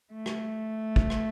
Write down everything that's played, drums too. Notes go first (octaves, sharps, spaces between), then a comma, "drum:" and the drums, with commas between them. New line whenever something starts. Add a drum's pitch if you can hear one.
A3
drum: rim click
drum: kick
drum: rim click